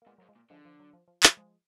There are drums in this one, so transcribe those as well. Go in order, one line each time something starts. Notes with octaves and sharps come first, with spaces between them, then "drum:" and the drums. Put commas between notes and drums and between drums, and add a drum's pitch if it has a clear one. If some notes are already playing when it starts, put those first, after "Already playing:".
A#3
A#2 G#3 B3
G#2 F#3 A#3
F3 G#3
A#2
D3 F3 G#3
F3
F#3
F3
F3
F#3, drum: clap
F3 G#3